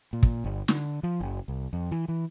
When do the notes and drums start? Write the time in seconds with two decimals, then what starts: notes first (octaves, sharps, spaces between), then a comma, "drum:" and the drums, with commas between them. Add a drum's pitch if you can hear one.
0.13 A#2
0.23 drum: kick
0.44 G1
0.68 D3, drum: snare
1.03 F3
1.21 F#1
1.48 C2
1.73 F2
1.91 E3
2.08 E3